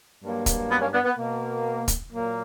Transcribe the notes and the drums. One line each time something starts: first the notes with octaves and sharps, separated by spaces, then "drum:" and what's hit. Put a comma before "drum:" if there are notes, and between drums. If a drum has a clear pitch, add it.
G2 F#3 A#3
drum: kick, hi-hat
B3
A#3 C#4
B3 D4
B3
B2 A#3
drum: kick, hi-hat
A#2 F#3 A#3